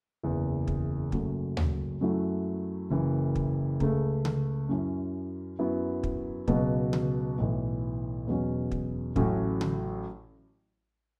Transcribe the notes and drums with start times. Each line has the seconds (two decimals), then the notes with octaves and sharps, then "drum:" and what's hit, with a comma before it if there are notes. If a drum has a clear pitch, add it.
0.23 F#1 E2 E3
0.67 drum: kick
1.12 F#1 F#2 F#3 A3, drum: kick
1.57 drum: tom D2
2.01 F#2 F#3 A3 E4
2.90 F#1 F#2 E3
3.35 drum: kick
3.80 C#2 C#3 A3, drum: kick
4.25 drum: tom C#3
4.69 F#2 F#3 C#4 E4
5.59 F#2 F#3 B3 E4
6.03 drum: kick
6.48 C#2 B2 F#3, drum: kick
6.93 drum: tom C#3
7.38 B1 A2 E3
8.26 E1 E2 B2 F#3 C#4
8.71 drum: kick
9.16 A1 A2 F#3 A3 C#4, drum: kick
9.61 drum: tom C#3